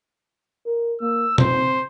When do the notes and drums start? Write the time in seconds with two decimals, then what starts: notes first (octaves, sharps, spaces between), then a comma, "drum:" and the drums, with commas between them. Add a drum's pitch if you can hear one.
0.66 A#4
1.01 A#3 E6
1.38 C4 C5, drum: tom A#2